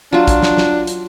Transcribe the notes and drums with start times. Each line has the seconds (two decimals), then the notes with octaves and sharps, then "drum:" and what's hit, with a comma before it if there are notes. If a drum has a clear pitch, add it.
0.13 F#3 D4 F4
0.28 drum: kick, hi-hat
0.42 drum: snare
0.57 drum: snare
0.87 drum: hi-hat